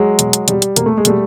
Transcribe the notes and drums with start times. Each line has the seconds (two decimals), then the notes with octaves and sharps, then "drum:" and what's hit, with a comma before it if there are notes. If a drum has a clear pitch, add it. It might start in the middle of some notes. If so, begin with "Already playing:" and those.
Already playing: F#3 G#3
0.19 B2, drum: hi-hat
0.33 drum: hi-hat
0.48 B2 G3, drum: hi-hat
0.62 drum: hi-hat
0.76 B2 A#3, drum: hi-hat
0.86 A3
0.97 G#3
1.05 B2 G3 A3, drum: hi-hat